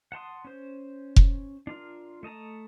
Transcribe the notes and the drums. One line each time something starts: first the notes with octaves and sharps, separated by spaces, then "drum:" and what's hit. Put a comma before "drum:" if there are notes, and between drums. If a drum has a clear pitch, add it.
F#5 A5 C6 D#6
C#4 C5
drum: kick F1
D4 F4 A#4
A3 D#5 A5 A#5